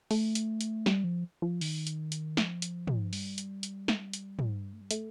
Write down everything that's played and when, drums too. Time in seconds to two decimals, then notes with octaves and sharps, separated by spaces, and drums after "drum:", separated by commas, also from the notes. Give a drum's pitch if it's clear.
0.11 A3, drum: open hi-hat
0.35 drum: hi-hat
0.61 drum: hi-hat
0.86 G3, drum: snare
1.04 F3
1.42 F3
1.61 D#3, drum: open hi-hat
1.87 drum: hi-hat
2.12 drum: hi-hat
2.37 F3, drum: snare
2.62 drum: hi-hat
2.87 drum: tom
3.13 G3, drum: open hi-hat
3.38 drum: hi-hat
3.63 drum: hi-hat
3.88 drum: snare
4.13 drum: hi-hat
4.39 drum: tom
4.73 A3
4.81 G3
4.91 A3, drum: hi-hat